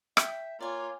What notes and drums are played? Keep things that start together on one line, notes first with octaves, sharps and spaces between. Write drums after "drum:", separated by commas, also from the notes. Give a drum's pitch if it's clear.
E5 G5, drum: rim click
A#3 F4 C#5 D5 G#5